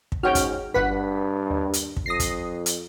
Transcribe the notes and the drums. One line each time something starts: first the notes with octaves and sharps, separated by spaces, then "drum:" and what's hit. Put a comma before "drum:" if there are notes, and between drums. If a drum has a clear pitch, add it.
drum: kick
G#2 C#4 F#4 C#5 G5 F6
drum: kick, hi-hat
G1 G2 B4 F#5 B6
D#2
drum: hi-hat
drum: kick
F2 D#6 A#6 C7
drum: kick, hi-hat
drum: hi-hat